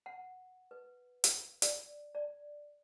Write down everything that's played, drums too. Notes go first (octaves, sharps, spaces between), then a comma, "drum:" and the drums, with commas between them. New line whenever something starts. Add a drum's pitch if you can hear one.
F#5
B4
drum: hi-hat
D5, drum: hi-hat
D5